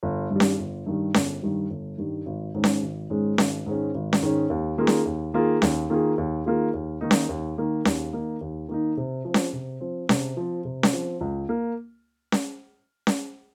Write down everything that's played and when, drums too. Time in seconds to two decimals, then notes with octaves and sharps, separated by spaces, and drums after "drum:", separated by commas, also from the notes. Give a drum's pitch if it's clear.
0.03 G1
0.31 G2 D#3 G3
0.40 drum: snare C#4
0.59 G1
0.86 G2 D#3 G3
1.14 G1, drum: snare C#4
1.43 G2 D#3 G3
1.70 G1
1.98 G2 D#3 G3
2.26 G#1
2.54 G#2 D#3 G#3 C#4
2.64 drum: snare C#4
2.82 G#1
3.10 G#2 D#3 G#3 C#4
3.38 G#1, drum: snare C#4
3.66 G#2 D#3 G#3 C#4
3.94 G#1
4.13 drum: snare C#4
4.22 G#2 D#3 G#3 C#4
4.50 D#2
4.78 D#3 A#3 F4 G#4
4.87 drum: snare C#4
5.06 D#2
5.34 D#3 A#3 F4 G#4
5.62 D#2, drum: snare C#4
5.90 D#3 A#3 F4 G#4
6.18 D#2
6.45 D#3 A#3 F4 G#4
6.74 D#2
7.01 D#3 A#3 D#4
7.11 drum: snare C#4
7.29 D#2
7.57 D#3 A#3 D#4
7.85 D#2, drum: snare C#4
8.13 D#3 A#3 D#4
8.41 D#2
8.69 D#3 A#3 D#4
8.97 C3
9.25 F3 C4
9.34 drum: snare C#4
9.53 C3
9.81 F3 C4
10.09 C3, drum: snare C#4
10.37 F3 C4
10.65 C3
10.83 drum: snare C#4
10.92 F3 C4
11.21 C#2
11.49 A#3
12.32 drum: snare C#4
13.07 drum: snare C#4